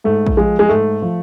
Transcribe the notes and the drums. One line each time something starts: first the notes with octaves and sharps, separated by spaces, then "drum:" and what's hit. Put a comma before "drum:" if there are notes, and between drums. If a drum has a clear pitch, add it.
G#2 A3
drum: kick
F3 G#3
G#3
G#2 A3
F3